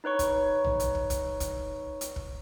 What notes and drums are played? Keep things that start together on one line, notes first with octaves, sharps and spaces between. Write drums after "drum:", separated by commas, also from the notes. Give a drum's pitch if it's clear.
D#4 B4 C#5 C#6
drum: kick, hi-hat
drum: tom A#1
drum: hi-hat
drum: kick
drum: kick, hi-hat
drum: kick, hi-hat
drum: hi-hat
drum: kick